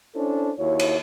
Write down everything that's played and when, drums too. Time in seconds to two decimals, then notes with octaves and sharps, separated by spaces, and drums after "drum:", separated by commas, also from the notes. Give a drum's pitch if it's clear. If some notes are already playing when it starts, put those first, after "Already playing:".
0.14 C#4 D4 E4 A4 C5
0.58 D#2 E4 F#4 C#5
0.79 drum: cymbal